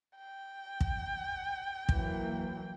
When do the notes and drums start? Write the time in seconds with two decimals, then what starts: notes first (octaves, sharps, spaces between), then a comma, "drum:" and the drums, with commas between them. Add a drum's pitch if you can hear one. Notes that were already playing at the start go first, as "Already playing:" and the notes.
0.16 G5
0.81 drum: kick
1.89 E3 F#3 A#3, drum: kick